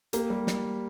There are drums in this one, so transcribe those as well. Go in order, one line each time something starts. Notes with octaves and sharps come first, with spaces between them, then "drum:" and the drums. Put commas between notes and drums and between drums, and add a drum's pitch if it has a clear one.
A#3 G4, drum: hi-hat
G3
drum: snare